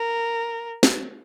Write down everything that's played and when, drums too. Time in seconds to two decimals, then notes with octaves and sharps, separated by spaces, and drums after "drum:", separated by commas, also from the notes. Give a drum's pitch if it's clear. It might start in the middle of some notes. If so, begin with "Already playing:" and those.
Already playing: A#4
0.83 drum: snare